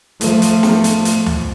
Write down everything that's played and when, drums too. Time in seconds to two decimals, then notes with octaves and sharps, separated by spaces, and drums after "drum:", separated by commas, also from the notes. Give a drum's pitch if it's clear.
0.21 F3 A3, drum: hi-hat
0.42 drum: hi-hat
0.63 drum: snare
0.84 drum: hi-hat
1.05 drum: hi-hat
1.26 drum: tom D2